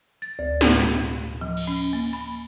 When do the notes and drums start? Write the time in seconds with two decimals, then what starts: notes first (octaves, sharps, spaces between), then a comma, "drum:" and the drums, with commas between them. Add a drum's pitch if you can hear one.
0.22 A6
0.39 D2
0.61 A2, drum: snare
0.80 B2
1.41 F3
1.57 drum: cymbal
1.67 C#4
1.93 A#3
2.13 B5